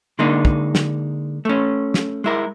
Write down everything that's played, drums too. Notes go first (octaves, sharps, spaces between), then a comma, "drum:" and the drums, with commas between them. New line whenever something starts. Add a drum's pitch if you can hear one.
D3 G#3 A#3 D4 D#4
drum: kick
drum: snare
A3 C#4
drum: snare
G#3 E4 A#4